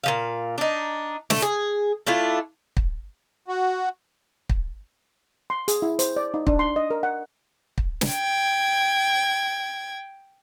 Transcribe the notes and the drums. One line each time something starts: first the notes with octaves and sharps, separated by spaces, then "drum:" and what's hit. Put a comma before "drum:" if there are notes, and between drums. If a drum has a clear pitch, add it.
A#2 F3 F5
D4 D#4
A3, drum: snare
G#4
A3 D4 E4 F4
drum: kick
F#4
drum: kick
C6
G#4, drum: hi-hat
E4
C5, drum: hi-hat
D5
D#4
D4, drum: kick
C6
D#5
A#4
F#5
drum: kick
drum: snare
G5 G#6